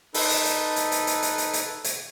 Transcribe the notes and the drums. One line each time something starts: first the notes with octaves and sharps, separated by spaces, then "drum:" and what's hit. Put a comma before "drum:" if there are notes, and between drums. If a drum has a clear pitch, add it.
D#4 A4 B4, drum: open hi-hat
drum: hi-hat
drum: hi-hat
drum: hi-hat
drum: hi-hat
drum: hi-hat
drum: hi-hat
drum: hi-hat
drum: hi-hat
drum: hi-hat